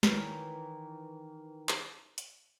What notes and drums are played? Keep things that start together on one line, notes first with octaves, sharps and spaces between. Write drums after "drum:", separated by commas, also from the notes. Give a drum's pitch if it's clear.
D#3 E3 C#4, drum: snare
drum: clap
drum: hi-hat